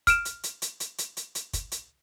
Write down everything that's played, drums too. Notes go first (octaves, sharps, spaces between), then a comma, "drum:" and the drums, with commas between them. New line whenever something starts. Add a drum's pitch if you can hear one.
F6 D7 E7, drum: kick, hi-hat
drum: hi-hat
drum: hi-hat
drum: hi-hat
drum: hi-hat
drum: hi-hat
drum: hi-hat
drum: hi-hat
drum: kick, hi-hat
drum: hi-hat